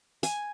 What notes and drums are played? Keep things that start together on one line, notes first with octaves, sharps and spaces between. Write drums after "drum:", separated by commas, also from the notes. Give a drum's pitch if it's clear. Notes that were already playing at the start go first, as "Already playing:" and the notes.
G#5, drum: hi-hat